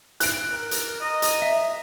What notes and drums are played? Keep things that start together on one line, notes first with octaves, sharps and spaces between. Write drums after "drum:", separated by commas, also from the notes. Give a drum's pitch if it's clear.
F#6 D7, drum: hi-hat
A#4
drum: hi-hat
D#5 A#5
drum: hi-hat
E5